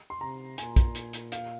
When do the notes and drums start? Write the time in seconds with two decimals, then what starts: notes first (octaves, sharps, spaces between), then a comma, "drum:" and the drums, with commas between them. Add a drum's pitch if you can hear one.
0.10 C6
0.21 C3 A#5
0.58 A#2 G#5, drum: hi-hat
0.76 drum: kick, hi-hat
0.95 drum: hi-hat
1.13 drum: hi-hat
1.32 F5, drum: hi-hat